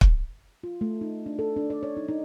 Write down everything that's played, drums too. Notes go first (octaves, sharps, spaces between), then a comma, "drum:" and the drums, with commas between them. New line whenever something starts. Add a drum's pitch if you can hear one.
drum: kick
F4
A3
D#4
D4
A4
D4
D5
C#5
D#4
D#4